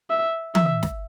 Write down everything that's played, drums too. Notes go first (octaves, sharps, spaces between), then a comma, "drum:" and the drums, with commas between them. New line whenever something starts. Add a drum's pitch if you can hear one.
E5
E5, drum: tom E3
drum: snare